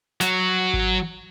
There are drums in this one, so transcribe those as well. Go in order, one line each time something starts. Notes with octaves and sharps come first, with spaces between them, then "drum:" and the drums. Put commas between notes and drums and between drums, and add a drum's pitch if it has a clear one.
F#3 F#4, drum: snare
drum: kick G#1